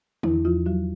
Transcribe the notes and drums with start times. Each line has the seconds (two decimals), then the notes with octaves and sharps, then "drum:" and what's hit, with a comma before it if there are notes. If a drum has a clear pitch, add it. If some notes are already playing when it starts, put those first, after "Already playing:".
0.23 E2 E3 E4, drum: tom D3
0.45 E2 F3 F4
0.66 F3 F#3 F#4